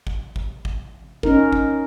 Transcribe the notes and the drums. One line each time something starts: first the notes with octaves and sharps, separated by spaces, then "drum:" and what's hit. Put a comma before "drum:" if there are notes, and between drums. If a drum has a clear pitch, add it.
drum: kick G#1
drum: kick G#1
drum: kick G#1
C#4 D#4 A#4, drum: kick G#1
drum: kick G#1